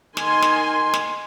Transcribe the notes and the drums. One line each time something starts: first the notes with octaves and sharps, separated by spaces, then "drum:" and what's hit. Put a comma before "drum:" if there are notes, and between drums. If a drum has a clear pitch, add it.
D#3 G#5 C6, drum: snare
drum: snare
drum: snare